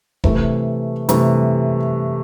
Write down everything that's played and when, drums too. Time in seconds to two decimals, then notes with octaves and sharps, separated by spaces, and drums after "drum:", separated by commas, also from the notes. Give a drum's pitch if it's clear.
0.24 C3 E3 A3, drum: kick E1
1.09 C3 E3 A3, drum: hi-hat